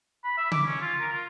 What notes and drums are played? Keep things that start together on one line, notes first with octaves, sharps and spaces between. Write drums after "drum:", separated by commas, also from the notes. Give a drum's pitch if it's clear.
B5
E5
D6, drum: tom C#3
C#4
F4
A#4
F4